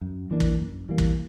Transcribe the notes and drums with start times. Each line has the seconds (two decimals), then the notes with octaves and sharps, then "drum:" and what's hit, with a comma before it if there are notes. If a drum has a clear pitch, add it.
0.01 F#2
0.31 E3 A#3 D4
0.40 drum: kick
0.60 F#2
0.89 E3 G3 A#3
0.98 drum: kick